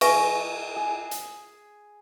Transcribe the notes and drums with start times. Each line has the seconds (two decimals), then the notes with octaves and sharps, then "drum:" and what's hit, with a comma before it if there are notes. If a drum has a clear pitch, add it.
0.01 G#4 B4 E5 G#5 C#6, drum: cymbal
0.76 G#4
1.11 drum: hi-hat